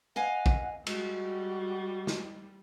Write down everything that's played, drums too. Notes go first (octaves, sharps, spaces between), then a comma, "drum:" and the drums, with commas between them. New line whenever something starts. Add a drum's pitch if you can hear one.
D#5 F5 F#5 G#5
drum: kick
G3 G#3 F#4, drum: cymbal
drum: snare